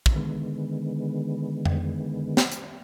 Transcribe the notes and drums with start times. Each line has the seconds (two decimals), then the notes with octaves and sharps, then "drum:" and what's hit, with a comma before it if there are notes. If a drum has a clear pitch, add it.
0.06 drum: kick
0.16 D3 D#3 G#3 B3
1.65 drum: tom F2
2.37 drum: snare
2.52 drum: hi-hat